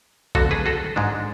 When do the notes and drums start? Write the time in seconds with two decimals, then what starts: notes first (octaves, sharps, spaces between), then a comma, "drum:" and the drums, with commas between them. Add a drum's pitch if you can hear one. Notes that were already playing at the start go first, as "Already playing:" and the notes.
0.35 F2 D3 F#3 A3 F#4 A4, drum: kick B1
0.51 G#4 B4
0.66 F#4 A4
0.96 G#2 G#3 D4